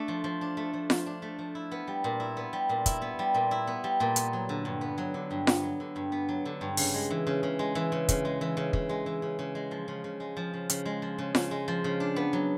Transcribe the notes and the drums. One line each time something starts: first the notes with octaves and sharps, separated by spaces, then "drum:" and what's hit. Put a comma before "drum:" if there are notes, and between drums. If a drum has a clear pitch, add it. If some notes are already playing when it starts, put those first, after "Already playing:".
Already playing: A3 D4
F3
F3
D4
A3
F3
F3, drum: snare F4
D4
A3
F3
E4
B3
G3
A#2
E4
B3
G3
A#2
E4, drum: kick, hi-hat
B3
G3
A#2
E4
B3
G3
A#2
B3, drum: hi-hat
F#3
D3
G2
B3
F#3
D3
G2
B3, drum: snare F4
F#3
D3
G2
B3
F#3
D3
G2
C#3, drum: open hi-hat
G#3
E3
C#3
C#3
G#3
E3
C#3
C#3, drum: kick, hi-hat
G#3
E3
C#3
C#3, drum: kick
G#3
E3
C#3
C#3
G#3
F3
C#3
C#3
G#3
F3
C#3
C#3, drum: hi-hat
G#3
F3
C#3
C#3, drum: snare F4
G#3
F3
C#3
D4
B3
F#3